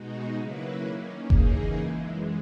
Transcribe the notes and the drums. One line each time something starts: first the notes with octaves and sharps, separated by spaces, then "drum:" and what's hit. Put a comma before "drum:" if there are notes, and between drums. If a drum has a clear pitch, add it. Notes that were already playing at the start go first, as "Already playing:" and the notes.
Already playing: B2 G#3 D#4 F#4
C#3 F#3 A#3 E4 B4
D#3 A#3 C#4
C#3 E3 A#3 D#4 G#4, drum: kick F#1
F#2 E3 G#3